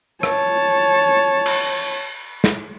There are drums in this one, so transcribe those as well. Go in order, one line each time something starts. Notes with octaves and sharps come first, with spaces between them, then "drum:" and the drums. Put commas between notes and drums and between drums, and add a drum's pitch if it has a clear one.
C#5 A5, drum: rim click
drum: cymbal
drum: snare